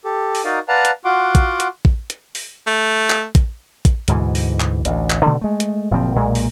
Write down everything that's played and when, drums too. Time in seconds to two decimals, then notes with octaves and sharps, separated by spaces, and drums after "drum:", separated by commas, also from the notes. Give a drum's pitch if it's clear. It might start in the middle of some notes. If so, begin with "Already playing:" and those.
0.05 G4 A4
0.35 drum: open hi-hat
0.45 D#4 F#4 A#4 D5 D#5 F5
0.68 B4 D5 F5 F#5 A5 A#5
0.85 drum: hi-hat
1.05 F4 F#4 F#5 C6 D6
1.35 drum: kick, hi-hat
1.60 drum: hi-hat
1.85 drum: kick
2.10 drum: hi-hat
2.35 drum: open hi-hat
2.67 A3
3.10 drum: clap
3.35 drum: kick, hi-hat
3.85 drum: kick, hi-hat
4.08 D2 G#2 B2 E3, drum: hi-hat
4.35 drum: open hi-hat
4.60 drum: clap
4.85 A1 D2, drum: hi-hat
5.10 drum: clap
5.26 B2 D3 D#3 A3
5.41 G#3 A3
5.60 drum: hi-hat
5.91 F#1 A#2 F3 C4
6.15 B1 A#2 G#3 A#3
6.35 drum: open hi-hat